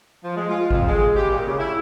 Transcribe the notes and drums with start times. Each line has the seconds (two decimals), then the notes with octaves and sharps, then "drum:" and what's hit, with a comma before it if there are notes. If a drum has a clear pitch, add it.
0.24 F3
0.37 G#3
0.49 F4
0.71 F2, drum: kick G#1
0.87 G#3
1.17 G4
1.30 A#2
1.46 C#3
1.59 E4